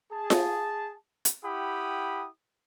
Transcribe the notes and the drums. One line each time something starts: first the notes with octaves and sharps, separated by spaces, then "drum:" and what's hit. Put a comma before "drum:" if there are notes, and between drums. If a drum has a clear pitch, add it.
G#4 A5
drum: snare F4
drum: hi-hat
E4 G4 F#5 G5 B5 D#6